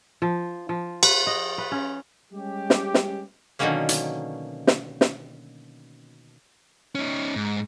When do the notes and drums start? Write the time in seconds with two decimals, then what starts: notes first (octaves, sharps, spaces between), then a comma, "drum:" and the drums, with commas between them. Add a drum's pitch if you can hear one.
0.22 F3
0.69 F3
1.03 B4, drum: cymbal
1.27 D#5
1.58 B4
1.72 C#4
2.33 G3 G#3 C#4 G4
2.70 drum: snare
2.94 drum: snare
3.59 B2 D3 D#3 F#3 A#3 C#4
3.89 drum: hi-hat
4.67 drum: snare
5.01 drum: snare
6.95 C#4 D#4
7.36 G#2